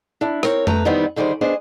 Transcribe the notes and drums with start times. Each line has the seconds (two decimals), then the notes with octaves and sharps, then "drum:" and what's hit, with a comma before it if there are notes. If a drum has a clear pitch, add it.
0.21 D4 E4
0.43 C4 A#4 C#5, drum: rim click
0.67 A3 B4 A#5, drum: tom F2
0.85 D#3 E3 G3 B3 C4 D#4
1.16 D3 D#3 G3 G#4 C5
1.41 B3 D4 G#4 C5 D#5